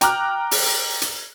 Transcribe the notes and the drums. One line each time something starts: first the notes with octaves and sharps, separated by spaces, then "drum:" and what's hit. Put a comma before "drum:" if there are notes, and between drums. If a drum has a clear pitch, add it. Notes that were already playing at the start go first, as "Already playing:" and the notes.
G5 A#5 D6 F6 F#6, drum: hi-hat
drum: open hi-hat
drum: hi-hat